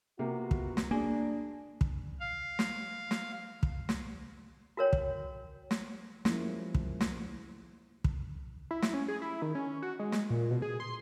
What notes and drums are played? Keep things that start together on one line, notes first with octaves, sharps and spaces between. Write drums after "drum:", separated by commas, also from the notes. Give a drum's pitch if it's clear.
C3 A#3 B3 F4 F#4
drum: kick
drum: snare
A#3 D4 G#4
drum: kick
F5
drum: snare
drum: snare
drum: kick
drum: snare
F#4 A#4 C#5 G5
drum: kick
drum: snare
F3 G3 G#3 A#3 C#4 E4, drum: snare
drum: kick
drum: snare
drum: kick
E4
drum: snare
C#4
G#4
E4
D#3
C#4
F#4
G#3
drum: snare
A#2
B2
G#4
C6